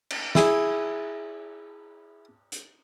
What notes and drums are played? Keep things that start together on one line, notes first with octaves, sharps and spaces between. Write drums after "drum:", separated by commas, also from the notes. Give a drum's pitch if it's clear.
drum: cymbal
E4 G#4, drum: snare
drum: hi-hat